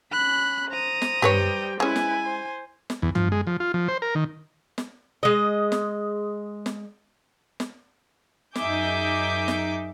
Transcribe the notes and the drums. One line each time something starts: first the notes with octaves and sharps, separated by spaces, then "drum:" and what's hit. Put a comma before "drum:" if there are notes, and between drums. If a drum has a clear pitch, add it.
C#4 B5 F#6
C5 A#5 D#6
drum: snare
G3 G4 B4 C#5 G5, drum: tom
G#3 C#4 E4 B4 G#5
drum: snare
C5
drum: snare
E2
F3, drum: tom
G#3
F3
F4
F3
C5
A#4
D#3
drum: snare
G#3 D#5
drum: snare
drum: snare
drum: snare
F#2 D#4 G#4 E5 D6 G6, drum: snare
drum: snare